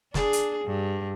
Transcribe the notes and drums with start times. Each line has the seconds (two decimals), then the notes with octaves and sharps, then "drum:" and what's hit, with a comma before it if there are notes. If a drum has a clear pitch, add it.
0.14 D4 G#4, drum: snare
0.33 drum: hi-hat
0.64 G2